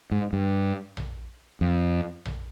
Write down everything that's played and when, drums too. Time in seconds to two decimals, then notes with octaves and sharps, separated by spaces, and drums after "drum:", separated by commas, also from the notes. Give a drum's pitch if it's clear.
0.11 G#2
0.33 G2
0.97 drum: tom A#1
1.61 F2
2.25 drum: tom A#1